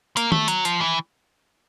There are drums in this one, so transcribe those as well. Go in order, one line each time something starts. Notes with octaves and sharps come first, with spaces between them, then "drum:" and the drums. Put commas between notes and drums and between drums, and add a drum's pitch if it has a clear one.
A#3, drum: hi-hat
A3, drum: tom D#3
F#3, drum: hi-hat
F3, drum: hi-hat
E3